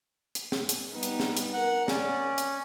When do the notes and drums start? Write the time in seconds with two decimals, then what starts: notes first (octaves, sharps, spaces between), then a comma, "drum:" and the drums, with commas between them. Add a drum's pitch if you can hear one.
0.35 drum: hi-hat
0.52 drum: snare
0.69 drum: hi-hat
0.93 G3 B3 D#4
1.03 drum: hi-hat
1.20 drum: snare
1.37 drum: hi-hat
1.53 A#4 F#5
1.88 C#4 D5, drum: snare
2.38 drum: hi-hat